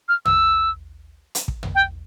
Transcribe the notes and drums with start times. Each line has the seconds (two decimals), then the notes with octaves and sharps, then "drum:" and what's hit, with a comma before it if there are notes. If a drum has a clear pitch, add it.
0.09 F6
0.25 E6, drum: tom
1.35 drum: hi-hat
1.48 drum: kick
1.63 drum: tom
1.75 G5